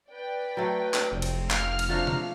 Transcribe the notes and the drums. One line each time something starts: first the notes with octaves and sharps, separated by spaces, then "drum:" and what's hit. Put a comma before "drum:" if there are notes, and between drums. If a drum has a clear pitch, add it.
B4 D5 G5
F#3 A3
drum: clap
F1 C3 C4
drum: cymbal
F5 F6, drum: clap
drum: cymbal
F3 A3 C4 D4 F#5 A#5
drum: tom